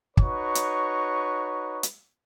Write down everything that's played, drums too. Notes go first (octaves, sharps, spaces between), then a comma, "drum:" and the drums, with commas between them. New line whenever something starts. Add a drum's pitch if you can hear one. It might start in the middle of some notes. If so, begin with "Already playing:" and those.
D#4 F#4 B4 C#5 C#6, drum: kick
drum: hi-hat
drum: hi-hat